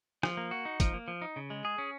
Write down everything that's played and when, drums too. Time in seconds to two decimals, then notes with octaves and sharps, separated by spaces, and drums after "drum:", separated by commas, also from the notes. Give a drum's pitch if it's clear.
0.23 F3, drum: rim click
0.37 A#3
0.51 F#4
0.65 D#4
0.80 F3, drum: kick, hi-hat
0.94 A#3
1.08 F3
1.22 D#4
1.36 C#3
1.50 G#3
1.65 G#4
1.78 C#4